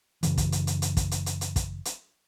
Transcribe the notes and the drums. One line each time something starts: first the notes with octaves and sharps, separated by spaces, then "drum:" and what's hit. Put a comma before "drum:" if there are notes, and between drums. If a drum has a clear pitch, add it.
F#2 C#3 E3, drum: hi-hat
drum: kick, hi-hat
drum: hi-hat
drum: hi-hat
drum: hi-hat
drum: kick, hi-hat
drum: hi-hat
drum: hi-hat
drum: hi-hat
drum: kick, hi-hat
drum: hi-hat